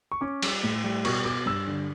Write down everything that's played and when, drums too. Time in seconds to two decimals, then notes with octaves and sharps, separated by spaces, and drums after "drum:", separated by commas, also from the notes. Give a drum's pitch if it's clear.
0.12 C#6
0.21 C#4 D6
0.42 G3, drum: cymbal
0.63 A2
0.84 G3
1.05 B2 C#6, drum: cymbal
1.25 B2 D6
1.46 G2 E6
1.67 D3